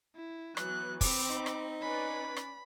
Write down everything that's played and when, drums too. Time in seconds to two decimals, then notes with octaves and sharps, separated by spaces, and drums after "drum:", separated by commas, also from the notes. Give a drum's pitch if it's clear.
0.15 E4
0.57 E3 F#3 B3 F#6, drum: rim click
1.01 C4 B5 D6, drum: kick, open hi-hat
1.30 D#4
1.46 drum: rim click
1.82 C#4 B4 D5 B5
2.36 drum: rim click